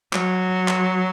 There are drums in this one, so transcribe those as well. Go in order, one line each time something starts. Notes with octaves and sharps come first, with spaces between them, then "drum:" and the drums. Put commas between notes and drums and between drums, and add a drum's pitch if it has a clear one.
F#3, drum: clap
drum: clap